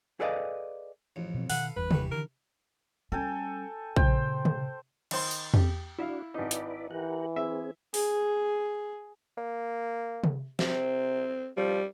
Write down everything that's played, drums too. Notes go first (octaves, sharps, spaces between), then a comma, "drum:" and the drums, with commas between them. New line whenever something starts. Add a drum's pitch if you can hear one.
G#4 A4 B4 D5 D#5 F5
A1 F2
B2 C4
B2 D#3 A4 B4 F5 F#5, drum: open hi-hat
G1 E2 G2 B4
E3 G4 C#6, drum: tom C3
D3 D#3 A#4
G3 C#4 A4 G5 G#5
A#2 C#3 C5 G5, drum: kick
drum: tom C3
D#3 C5 C6, drum: cymbal
drum: tambourine
G4, drum: tom E2
D4 E4 F#4 E5 F5
G#1 D#4 E4 B4 D5
drum: hi-hat
E3 G4 A#4 F#5
C4 G#4 E5
G#4, drum: open hi-hat
A#3
drum: tom C3
C3 C4, drum: snare
F3 G3